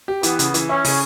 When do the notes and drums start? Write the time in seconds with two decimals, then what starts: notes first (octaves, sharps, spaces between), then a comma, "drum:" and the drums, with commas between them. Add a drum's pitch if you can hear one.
0.08 G4
0.23 E3 B3, drum: hi-hat
0.39 C#3, drum: hi-hat
0.54 E3, drum: hi-hat
0.69 C#4 E4
0.85 C#3, drum: open hi-hat